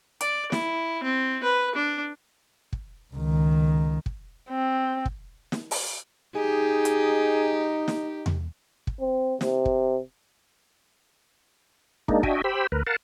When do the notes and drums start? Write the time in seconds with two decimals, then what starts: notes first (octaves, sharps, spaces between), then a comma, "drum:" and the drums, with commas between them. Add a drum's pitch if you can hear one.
0.21 D5, drum: hi-hat
0.52 E4, drum: snare
1.03 C4
1.43 B4
1.75 D4
2.73 drum: kick
3.13 C#2 D#3
4.06 drum: kick
4.50 C4
5.05 drum: kick
5.52 drum: snare
5.71 drum: open hi-hat
6.35 D#4 G4 G#4
6.85 drum: hi-hat
7.88 drum: snare
8.26 drum: tom E2
8.87 drum: kick
9.00 C4
9.41 C3, drum: snare
9.65 drum: kick
12.08 G#3 A#3 D4 D#4, drum: kick
12.23 D4 F#4 D#5 E5 G5 G#5, drum: kick
12.44 G4 C5 G5 B5 E6
12.72 D2 A#4 B4
12.87 A#4 F5 F#5 A5